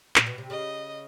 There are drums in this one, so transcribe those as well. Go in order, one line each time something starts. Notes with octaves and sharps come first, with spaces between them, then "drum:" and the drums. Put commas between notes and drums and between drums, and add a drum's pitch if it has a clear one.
A#2, drum: clap
B2
C3
C#3 D#5